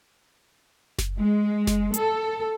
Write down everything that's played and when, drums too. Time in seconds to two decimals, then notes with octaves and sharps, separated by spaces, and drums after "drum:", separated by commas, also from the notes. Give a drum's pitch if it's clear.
0.99 drum: snare F#1
1.17 G#3
1.67 drum: snare F#1
1.94 A4, drum: hi-hat